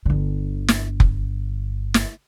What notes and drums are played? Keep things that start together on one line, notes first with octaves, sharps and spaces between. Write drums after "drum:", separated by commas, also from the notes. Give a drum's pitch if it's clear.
G1 D3
drum: snare
drum: kick F1
drum: snare